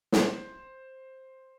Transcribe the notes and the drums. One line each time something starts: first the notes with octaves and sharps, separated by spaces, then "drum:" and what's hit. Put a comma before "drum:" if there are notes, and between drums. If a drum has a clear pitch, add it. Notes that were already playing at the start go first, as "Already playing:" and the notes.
C5, drum: snare